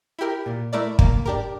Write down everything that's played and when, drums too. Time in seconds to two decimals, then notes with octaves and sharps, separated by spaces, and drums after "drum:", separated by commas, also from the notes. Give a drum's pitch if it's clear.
0.19 E4 G4 A#4
0.46 A#2
0.73 A3 E4 A#4 D5
0.99 A#3, drum: kick
1.26 D4 G4 A#4